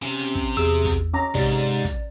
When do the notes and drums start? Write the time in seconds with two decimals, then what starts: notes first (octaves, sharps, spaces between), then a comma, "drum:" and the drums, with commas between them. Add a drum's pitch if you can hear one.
0.02 C3 C#4
0.19 drum: hi-hat
0.35 drum: kick
0.57 E2 G#4 E6
0.85 drum: kick, hi-hat
1.14 C#4 A#5 D6
1.35 G#2 C3 G4 D5, drum: kick
1.51 drum: hi-hat
1.85 drum: kick, hi-hat